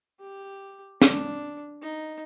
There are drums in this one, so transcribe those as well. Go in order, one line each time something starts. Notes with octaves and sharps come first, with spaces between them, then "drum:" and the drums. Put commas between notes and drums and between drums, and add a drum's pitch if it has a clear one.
G4
D4, drum: snare
D#4